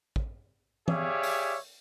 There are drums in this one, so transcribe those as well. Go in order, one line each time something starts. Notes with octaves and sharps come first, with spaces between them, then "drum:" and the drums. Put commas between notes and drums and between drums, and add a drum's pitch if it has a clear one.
drum: kick
G4 G#4 C#5 D5 E5 F5, drum: tom
drum: open hi-hat